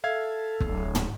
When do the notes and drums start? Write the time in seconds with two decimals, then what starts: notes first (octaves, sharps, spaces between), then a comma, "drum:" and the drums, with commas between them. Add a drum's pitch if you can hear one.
0.04 A4 E5 F5 G#6
0.60 D1 D3, drum: kick
0.95 drum: tom